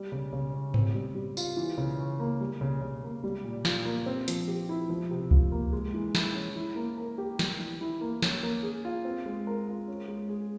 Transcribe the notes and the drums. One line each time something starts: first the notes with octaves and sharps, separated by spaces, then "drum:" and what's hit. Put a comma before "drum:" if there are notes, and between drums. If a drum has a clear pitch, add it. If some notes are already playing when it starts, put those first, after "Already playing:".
Already playing: G3
C#3
C#3
C#4
C4, drum: tom G#2
G3
G3
F4, drum: tambourine
E3
C#3
C#4
A#3
G3
C#3
C#3
A#3
G3
A#2
F4, drum: snare
A#3
C4
F3, drum: hi-hat
G4
E4
F3
C3
F4, drum: kick C#2
A#3
G#3
E3
E4, drum: snare
C#4
E4
A#3
A#4
G4
G3, drum: snare
E3
E4
A#3
C#4, drum: snare
A#3
G#4
F4
C4
G#3
A#4
F4
C#4
G#3
G#4